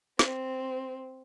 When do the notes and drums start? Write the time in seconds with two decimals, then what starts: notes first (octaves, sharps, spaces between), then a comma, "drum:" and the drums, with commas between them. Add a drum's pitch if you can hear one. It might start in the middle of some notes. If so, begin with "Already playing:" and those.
0.19 C4, drum: snare